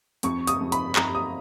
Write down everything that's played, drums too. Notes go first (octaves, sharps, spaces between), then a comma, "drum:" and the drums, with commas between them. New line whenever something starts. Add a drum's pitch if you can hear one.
F2 C#6, drum: hi-hat
D#6, drum: hi-hat
F2
B5, drum: hi-hat
F2 A#5, drum: clap
D#6